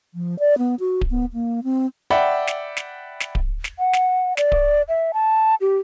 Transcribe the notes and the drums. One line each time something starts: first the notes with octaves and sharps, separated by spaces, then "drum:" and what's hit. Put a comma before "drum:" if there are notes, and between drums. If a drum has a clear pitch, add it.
F3
D5
B3
F#4
drum: kick D1
B3
A#3
C4
D5 E5 F#5 G5 B5
drum: snare
drum: snare
drum: snare
drum: kick D1
drum: snare
F#5
drum: snare
D5, drum: snare
drum: kick D1
E5
A5
G4